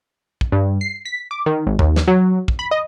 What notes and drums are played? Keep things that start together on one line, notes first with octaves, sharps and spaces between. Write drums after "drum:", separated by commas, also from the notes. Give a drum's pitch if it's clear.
drum: kick
G2
C7
B6
D6
D#3
G#1
D#2, drum: kick
drum: snare
F#3
drum: kick
B5
D#5